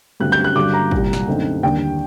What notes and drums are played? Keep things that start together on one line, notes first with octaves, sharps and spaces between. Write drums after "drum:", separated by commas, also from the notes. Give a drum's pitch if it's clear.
G2 D3 F#3 A3 C4 F#6
G6
F#6
G2 D3 F#3 D6
A#5
C2 A#2 G3, drum: kick
drum: snare
F#2 D3 A3 C4 D#4
D#2 D3 G3 D4 G5